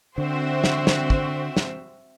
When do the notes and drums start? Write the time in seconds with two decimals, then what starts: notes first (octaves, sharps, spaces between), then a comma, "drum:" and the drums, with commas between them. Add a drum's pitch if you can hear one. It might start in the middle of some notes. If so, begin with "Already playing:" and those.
0.17 D3 C4 F#4 C5 E5
0.64 drum: snare
0.87 drum: snare
1.10 drum: kick
1.57 drum: snare